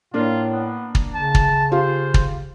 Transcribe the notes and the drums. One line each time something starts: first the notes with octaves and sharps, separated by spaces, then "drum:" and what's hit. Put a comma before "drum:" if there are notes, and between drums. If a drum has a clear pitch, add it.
A2 A#3 D4 F4
B3
drum: kick
C#3 A5
drum: kick
F4 G4 C5
drum: kick